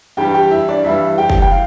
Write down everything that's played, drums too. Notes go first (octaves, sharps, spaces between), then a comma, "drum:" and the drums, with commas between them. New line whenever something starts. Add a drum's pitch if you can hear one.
G2 E3 G3 G4 G5
G4 G5
E4 E5
D4 D5
G2 E3 G3 E4 E5
G4 G5
drum: kick F#1
G5
F5